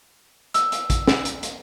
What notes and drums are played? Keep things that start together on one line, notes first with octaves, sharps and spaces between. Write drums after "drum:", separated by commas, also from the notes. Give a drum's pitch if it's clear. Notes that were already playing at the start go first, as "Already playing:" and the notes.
E6, drum: hi-hat
drum: hi-hat
drum: kick, hi-hat
drum: snare
drum: hi-hat
drum: hi-hat